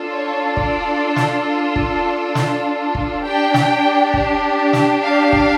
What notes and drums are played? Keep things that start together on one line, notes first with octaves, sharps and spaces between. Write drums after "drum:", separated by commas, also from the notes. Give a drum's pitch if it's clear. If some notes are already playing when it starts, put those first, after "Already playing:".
Already playing: D4 F4 A4
C#5
D5, drum: kick
drum: snare
drum: kick
drum: snare
drum: kick
D4 G4 G5
drum: snare
drum: kick
drum: snare
F5
drum: kick